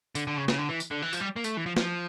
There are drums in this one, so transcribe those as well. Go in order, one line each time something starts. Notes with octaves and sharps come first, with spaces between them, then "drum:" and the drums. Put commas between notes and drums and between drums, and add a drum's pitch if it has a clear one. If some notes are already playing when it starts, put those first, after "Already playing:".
D3, drum: tambourine
D3
C#3
C#3, drum: snare
D3
E3
drum: tambourine
D3
E3
F3, drum: tambourine
G3
A#3
A3, drum: tambourine
E3
F3
F3, drum: snare